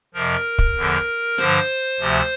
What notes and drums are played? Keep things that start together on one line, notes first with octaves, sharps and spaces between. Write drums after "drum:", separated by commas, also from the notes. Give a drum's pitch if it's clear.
F2 C3 F3 A#4
drum: kick
E2 D3 F3
G2 D3 F3 C5, drum: hi-hat
D2 C3 F3